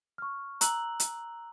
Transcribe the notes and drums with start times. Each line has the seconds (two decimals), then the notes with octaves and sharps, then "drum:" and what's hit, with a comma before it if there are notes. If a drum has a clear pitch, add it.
0.18 C#6 F6
0.61 A#5 E6 F#6 F#7, drum: hi-hat
1.00 drum: hi-hat